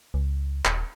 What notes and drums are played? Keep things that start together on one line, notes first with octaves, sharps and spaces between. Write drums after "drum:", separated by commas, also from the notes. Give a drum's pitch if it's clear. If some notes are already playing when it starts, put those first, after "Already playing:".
C#2
D#1, drum: clap